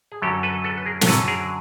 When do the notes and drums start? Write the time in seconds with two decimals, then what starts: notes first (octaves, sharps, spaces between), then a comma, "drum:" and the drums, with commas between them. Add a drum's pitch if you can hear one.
0.12 G#4
0.22 F#2 D3 F#3 G4 A4
0.43 A4 B4
0.64 A4 B4
0.78 B4
0.85 G#4 A#4
1.01 A#4, drum: snare
1.06 F#2 D3 F#3 A4 B4
1.28 G#4 A#4